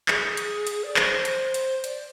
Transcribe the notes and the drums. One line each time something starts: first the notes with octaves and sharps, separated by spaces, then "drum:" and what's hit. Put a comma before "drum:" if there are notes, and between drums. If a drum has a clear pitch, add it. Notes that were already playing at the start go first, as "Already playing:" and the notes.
G#4, drum: clap
drum: hi-hat
drum: hi-hat
D5
C5, drum: clap
drum: hi-hat
drum: hi-hat
D5, drum: hi-hat